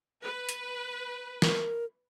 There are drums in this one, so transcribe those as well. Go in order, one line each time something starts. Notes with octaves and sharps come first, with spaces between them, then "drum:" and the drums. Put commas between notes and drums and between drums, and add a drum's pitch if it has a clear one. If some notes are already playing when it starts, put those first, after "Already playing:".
B4
drum: hi-hat
A#4, drum: snare